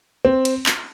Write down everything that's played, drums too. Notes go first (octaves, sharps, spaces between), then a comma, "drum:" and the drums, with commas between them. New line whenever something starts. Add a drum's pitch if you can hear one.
C4
drum: cymbal
drum: clap